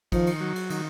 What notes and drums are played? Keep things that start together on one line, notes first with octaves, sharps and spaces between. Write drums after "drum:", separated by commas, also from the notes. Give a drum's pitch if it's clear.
D#3 F3, drum: kick, cymbal
drum: cymbal
F#3
drum: cymbal
D#3, drum: cymbal